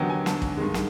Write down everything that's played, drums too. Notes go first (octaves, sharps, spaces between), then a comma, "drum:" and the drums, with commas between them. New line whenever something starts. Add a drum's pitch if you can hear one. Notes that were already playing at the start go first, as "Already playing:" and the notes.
Already playing: D#2 D3 F#3 B3 D#4 G5
G#5
A5, drum: snare
drum: kick
G2 D#3 G#3
drum: snare